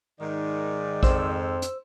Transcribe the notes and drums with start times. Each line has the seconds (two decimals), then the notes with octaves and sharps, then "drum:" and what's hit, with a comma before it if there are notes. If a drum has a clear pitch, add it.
0.21 G#2 D#3 D5
1.03 F2 C5 E6, drum: kick A#1
1.62 drum: hi-hat